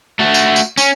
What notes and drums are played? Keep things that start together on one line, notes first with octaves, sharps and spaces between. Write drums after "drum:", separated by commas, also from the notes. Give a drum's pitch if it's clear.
A3 F#4
drum: tambourine
drum: tambourine
C#4, drum: tambourine